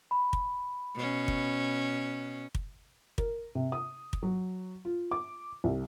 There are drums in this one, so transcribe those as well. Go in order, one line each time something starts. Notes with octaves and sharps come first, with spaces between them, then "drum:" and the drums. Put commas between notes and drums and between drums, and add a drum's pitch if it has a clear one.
B5
drum: kick
B2 C#4
drum: kick
drum: kick
A#4, drum: kick
C3
D#6
drum: kick
F#3
F4
D6
C2